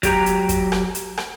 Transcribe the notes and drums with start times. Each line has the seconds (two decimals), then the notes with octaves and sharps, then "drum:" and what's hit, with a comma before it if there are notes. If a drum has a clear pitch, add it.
0.03 F#3 G4 A#5, drum: kick, hi-hat
0.26 drum: hi-hat
0.49 drum: kick, hi-hat
0.72 drum: rim click
0.95 drum: hi-hat
1.17 drum: rim click